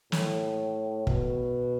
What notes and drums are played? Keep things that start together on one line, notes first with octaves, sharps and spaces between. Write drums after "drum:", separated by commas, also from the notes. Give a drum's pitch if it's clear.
A2, drum: snare
B2, drum: kick